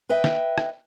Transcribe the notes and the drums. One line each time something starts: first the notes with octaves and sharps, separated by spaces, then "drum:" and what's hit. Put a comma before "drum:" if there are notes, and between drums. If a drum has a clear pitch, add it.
B4 D#5 E5 G5
drum: snare
drum: rim click